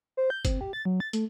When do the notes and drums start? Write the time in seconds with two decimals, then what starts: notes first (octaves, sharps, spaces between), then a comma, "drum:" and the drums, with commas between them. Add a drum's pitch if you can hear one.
0.17 C5
0.30 G6
0.45 C4, drum: kick, hi-hat
0.61 G4
0.73 A6
0.85 F#3
1.00 A6
1.13 A3, drum: hi-hat